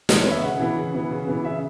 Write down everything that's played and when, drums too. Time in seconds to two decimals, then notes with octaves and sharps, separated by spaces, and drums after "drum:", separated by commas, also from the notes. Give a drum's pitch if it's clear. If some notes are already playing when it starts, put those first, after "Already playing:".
0.09 E3, drum: snare
0.19 C#5
0.25 B3
0.30 E5
0.42 C#3 F#5
0.59 E3 B3
0.76 C#3
0.94 E3 B3
1.10 C#3
1.27 E3 B3
1.44 C#3 E5